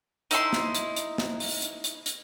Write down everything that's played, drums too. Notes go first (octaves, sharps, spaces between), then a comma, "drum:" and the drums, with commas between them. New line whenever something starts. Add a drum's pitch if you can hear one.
D#4 E4 C6, drum: hi-hat
drum: snare
drum: hi-hat
drum: hi-hat
drum: snare
drum: open hi-hat
drum: hi-hat
drum: hi-hat
drum: hi-hat